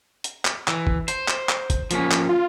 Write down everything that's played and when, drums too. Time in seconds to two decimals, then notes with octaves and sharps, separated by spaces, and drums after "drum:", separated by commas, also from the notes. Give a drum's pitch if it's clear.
0.24 drum: hi-hat
0.45 drum: clap
0.68 E3, drum: clap
0.87 drum: kick
1.08 C5, drum: hi-hat
1.28 drum: clap
1.49 drum: clap
1.70 drum: kick, hi-hat
1.91 F3 A#3 C#4, drum: hi-hat
2.11 drum: clap
2.29 F4